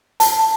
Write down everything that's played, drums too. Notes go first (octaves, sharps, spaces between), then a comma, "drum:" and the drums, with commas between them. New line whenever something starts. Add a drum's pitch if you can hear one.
A5, drum: hi-hat